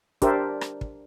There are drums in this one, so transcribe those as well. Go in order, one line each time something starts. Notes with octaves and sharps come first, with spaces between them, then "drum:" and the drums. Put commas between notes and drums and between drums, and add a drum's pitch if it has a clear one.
D4 G4 A#4 C5 D5 E5, drum: kick, hi-hat
drum: rim click
drum: kick